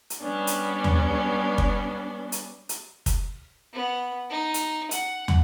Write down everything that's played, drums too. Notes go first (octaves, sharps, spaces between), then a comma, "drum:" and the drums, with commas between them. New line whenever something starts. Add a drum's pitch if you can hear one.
drum: hi-hat
G3 B3 C#4 D4
drum: hi-hat
drum: tom
drum: kick
drum: hi-hat
drum: hi-hat
drum: kick, hi-hat
B3
D#4
drum: hi-hat
F#5, drum: hi-hat
drum: tom